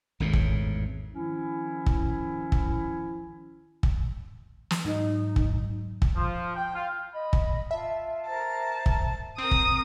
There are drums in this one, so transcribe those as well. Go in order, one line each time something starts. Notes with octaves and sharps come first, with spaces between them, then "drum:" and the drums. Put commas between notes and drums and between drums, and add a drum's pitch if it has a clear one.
G#1 E2 A2
drum: kick
D#3 F3 C#4 E4
drum: kick
drum: kick
drum: kick
drum: snare
G#2 F#3 D#4
drum: kick
drum: kick
F3
G5
F4
D#5 B5
drum: kick
F4 E5 A5
A#4 C5 A5 A#5
drum: kick
C4 A#4 D#6
drum: kick